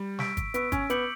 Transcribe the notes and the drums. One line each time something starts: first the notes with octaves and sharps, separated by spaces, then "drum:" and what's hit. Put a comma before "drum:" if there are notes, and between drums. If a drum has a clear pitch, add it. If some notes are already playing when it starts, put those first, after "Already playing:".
Already playing: G3
C#6 E6 B6 D7, drum: snare
drum: kick, hi-hat
B3 C#6 E6 B6 D7, drum: hi-hat
C#4, drum: kick, hi-hat
B3 D6 G6 C#7 F#7, drum: hi-hat